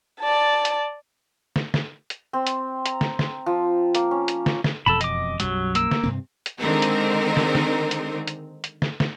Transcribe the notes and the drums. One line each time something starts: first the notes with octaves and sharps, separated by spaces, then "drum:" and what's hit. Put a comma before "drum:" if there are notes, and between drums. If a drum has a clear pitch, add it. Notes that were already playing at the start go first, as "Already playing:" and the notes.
D5 A5
drum: hi-hat
drum: snare
drum: snare
drum: hi-hat
C4
drum: hi-hat
A#5, drum: hi-hat
drum: snare
drum: snare
F3
A#3, drum: hi-hat
C#4
drum: hi-hat
drum: snare
drum: snare
E1 F2 B2 A4 A5 B5
D#5 D6, drum: hi-hat
B1 F#2 F#3 G3, drum: hi-hat
A#3 E6, drum: hi-hat
drum: snare
G2 C3 C4
drum: hi-hat
D3 D#3 G#3 C4 D#4 A#4
drum: hi-hat
drum: snare
drum: snare
drum: hi-hat
drum: hi-hat
drum: hi-hat
drum: snare
drum: snare